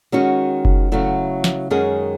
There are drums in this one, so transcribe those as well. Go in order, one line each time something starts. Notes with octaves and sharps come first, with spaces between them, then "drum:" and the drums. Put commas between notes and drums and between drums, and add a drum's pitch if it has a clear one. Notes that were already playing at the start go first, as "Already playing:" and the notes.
D#3 G#3 C#4 F#4
drum: kick F#1
C#3 F#3 A3 E4
drum: snare
F#2 D#3 G#3 C#4 G#4